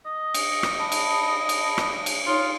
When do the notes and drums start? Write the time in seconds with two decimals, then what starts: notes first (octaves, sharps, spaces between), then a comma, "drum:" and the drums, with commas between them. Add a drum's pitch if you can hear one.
0.06 D#5
0.34 drum: cymbal
0.63 drum: rim click
0.79 A5 B5
0.92 drum: cymbal
1.49 drum: cymbal
1.78 drum: rim click
2.06 drum: cymbal
2.26 D#4 F4 C#5 C6